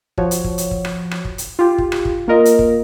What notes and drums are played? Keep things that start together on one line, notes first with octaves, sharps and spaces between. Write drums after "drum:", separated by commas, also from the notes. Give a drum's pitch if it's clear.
F3 F#4 C#5, drum: kick
drum: hi-hat
drum: kick
drum: hi-hat
drum: kick
drum: rim click
drum: rim click
drum: kick
drum: hi-hat
F4 G4
drum: kick
drum: rim click
drum: kick
A#3 F4 A#4 D#5
drum: hi-hat
drum: kick